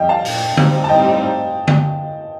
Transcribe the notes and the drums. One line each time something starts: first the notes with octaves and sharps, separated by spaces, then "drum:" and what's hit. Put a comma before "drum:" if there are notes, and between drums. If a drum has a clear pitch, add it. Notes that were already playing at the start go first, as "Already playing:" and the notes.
Already playing: F2 G3 D#5 G5
F5 A5
A#2 F3 A3 D4, drum: open hi-hat
A2 G3 C4 D#4, drum: tom D3
A5
A2 G3 C4 D#4 D#5 G5
drum: tom D3